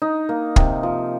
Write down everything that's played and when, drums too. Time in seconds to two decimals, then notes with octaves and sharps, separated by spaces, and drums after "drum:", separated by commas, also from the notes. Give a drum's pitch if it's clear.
0.02 D#4
0.29 A#3
0.56 C3, drum: kick
0.83 F3